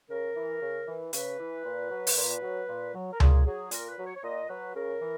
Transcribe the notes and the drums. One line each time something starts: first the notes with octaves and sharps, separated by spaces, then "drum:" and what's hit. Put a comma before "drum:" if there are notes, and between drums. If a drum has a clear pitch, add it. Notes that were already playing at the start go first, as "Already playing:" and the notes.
C#3 A#4
E3
C#3
E3
C#3 B4, drum: hi-hat
E3
A#2
F#3
drum: open hi-hat
A#2
F#3
A#2
F#3
A#4
A#2 G#4, drum: tom C#2
F#3 G#4
A#2 A#4, drum: hi-hat
B4
F#3
C#5
C#5
A#2 D#5
F#3 B4
C#3 A#4
E3